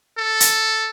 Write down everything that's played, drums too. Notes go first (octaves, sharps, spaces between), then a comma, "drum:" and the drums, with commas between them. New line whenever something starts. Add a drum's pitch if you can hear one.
A4
drum: hi-hat